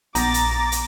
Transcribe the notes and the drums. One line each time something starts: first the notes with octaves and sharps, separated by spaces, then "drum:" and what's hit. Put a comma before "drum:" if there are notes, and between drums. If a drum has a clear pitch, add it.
A#1 B3 A#5 D6 A6 A#6, drum: hi-hat
drum: hi-hat
drum: hi-hat